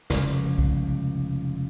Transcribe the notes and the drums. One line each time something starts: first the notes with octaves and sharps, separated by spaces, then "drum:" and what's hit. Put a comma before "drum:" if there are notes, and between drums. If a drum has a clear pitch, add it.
F1 C#2, drum: snare
drum: kick B1